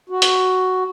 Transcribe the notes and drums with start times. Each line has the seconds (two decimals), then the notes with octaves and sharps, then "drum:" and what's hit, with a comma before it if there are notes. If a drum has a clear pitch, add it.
0.10 F#4
0.22 drum: hi-hat